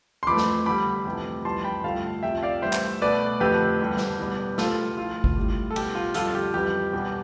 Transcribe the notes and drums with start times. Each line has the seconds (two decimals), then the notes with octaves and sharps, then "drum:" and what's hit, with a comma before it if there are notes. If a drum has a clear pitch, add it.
0.23 C6
0.27 F2 E3 A3 B5 D6
0.37 drum: snare
0.66 E2 D3 G3 B5 D6
1.06 F2 C3 E3 A3
1.45 F2 E3 G3 A5 C6
1.64 G5 B5
1.84 G2 D3 F3 A3 F5 A5
2.23 F2 C3 F3 E5 G5
2.43 D5 F5
2.62 A2 E3 G3 C5 E5
2.73 drum: clap
3.01 B2 A3 B4 D5
3.40 F2 D3 F3 A3 G4 B4
3.80 E2 D3 G3
3.97 drum: snare
4.19 E2 B2 G3
4.58 A2 G3 F4 A4, drum: snare
4.97 A2 F3 A3 F4
5.24 drum: kick G1
5.36 A2 G3
5.71 A4
5.76 B2 G3 G4, drum: cymbal
5.95 F4
6.14 F2 D3 G3 F4 A4, drum: hi-hat
6.35 G4
6.54 F2 E3 G3 G4
6.93 E2 B2 G3